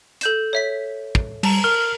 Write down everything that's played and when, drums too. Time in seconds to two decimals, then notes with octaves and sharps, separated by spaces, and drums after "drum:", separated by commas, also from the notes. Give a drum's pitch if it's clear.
0.21 A4 G6 E7, drum: hi-hat
0.53 C#5 E5 B6
1.15 drum: kick
1.43 G3 A5 A#5, drum: cymbal
1.64 A#4 F6